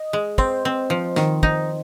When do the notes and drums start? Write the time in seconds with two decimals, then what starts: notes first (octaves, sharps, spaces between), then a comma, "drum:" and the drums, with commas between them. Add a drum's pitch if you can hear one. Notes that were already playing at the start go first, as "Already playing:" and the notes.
Already playing: D#5
0.13 G#3
0.38 C4 C5, drum: kick
0.65 C4
0.90 F3
1.16 D#3, drum: snare
1.43 D#4, drum: kick